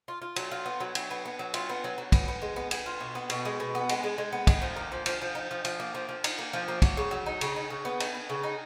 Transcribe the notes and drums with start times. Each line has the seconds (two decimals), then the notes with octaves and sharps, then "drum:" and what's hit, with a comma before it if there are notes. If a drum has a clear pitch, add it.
0.08 F4
0.22 F4
0.36 F#3, drum: cymbal
0.51 F4
0.66 B3
0.80 F#3
0.95 F#3, drum: cymbal
1.11 B3
1.25 B3
1.39 F#3
1.54 F4, drum: cymbal
1.69 B3
1.84 F#3
1.98 F#3
2.12 B3, drum: kick, cymbal
2.28 B3
2.42 G#3
2.56 B3
2.71 B3, drum: cymbal
2.86 F4
3.00 B2
3.15 B3
3.30 B2, drum: cymbal
3.45 G#3
3.60 B2
3.75 B3
3.89 G#3, drum: cymbal
4.03 G#3
4.18 G#3
4.33 B3
4.47 D#4, drum: kick, cymbal
4.62 F3
4.76 A#3
4.92 F3
5.06 F3, drum: cymbal
5.22 F3
5.35 D#4
5.51 F3
5.65 F3, drum: cymbal
5.80 A#3
5.95 F3
6.09 F3
6.24 D#4, drum: cymbal
6.39 A#3
6.53 F3
6.68 A#3
6.82 F#3, drum: kick, cymbal
6.97 C#3
7.11 F#3
7.26 D#4
7.41 C#3, drum: cymbal
7.56 D#4
7.70 C#3
7.85 B3
8.00 D#4, drum: cymbal
8.15 B3
8.30 C#3
8.43 D#4